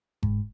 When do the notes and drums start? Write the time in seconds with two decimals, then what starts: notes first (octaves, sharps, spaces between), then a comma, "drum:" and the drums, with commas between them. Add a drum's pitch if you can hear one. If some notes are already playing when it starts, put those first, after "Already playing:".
0.23 G#2, drum: kick F#1